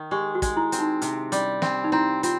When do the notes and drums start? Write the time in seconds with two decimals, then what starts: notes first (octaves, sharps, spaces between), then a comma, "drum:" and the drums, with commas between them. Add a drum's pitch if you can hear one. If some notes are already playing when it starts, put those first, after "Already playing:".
Already playing: D#3
0.11 G#3 G4
0.35 F#4
0.42 G#3, drum: kick, hi-hat
0.57 E4
0.72 C4, drum: hi-hat
0.79 D#4
1.02 C3 D4, drum: hi-hat
1.32 G3 C#4, drum: hi-hat
1.62 C4 D4, drum: snare
1.84 D#4
1.92 C4 E4
2.23 C4 F4, drum: hi-hat